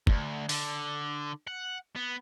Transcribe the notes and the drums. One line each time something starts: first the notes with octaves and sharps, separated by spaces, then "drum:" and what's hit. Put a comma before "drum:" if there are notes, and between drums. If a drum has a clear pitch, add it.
D2, drum: kick
D3, drum: open hi-hat
F#5
B3